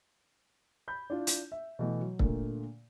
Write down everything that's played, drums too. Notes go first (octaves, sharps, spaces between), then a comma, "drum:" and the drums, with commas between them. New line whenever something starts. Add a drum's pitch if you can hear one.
B5 G6
D4 E4 F4
drum: hi-hat
E5
B2 E3 A3
F#3
A#2 D3 A3 A#3, drum: kick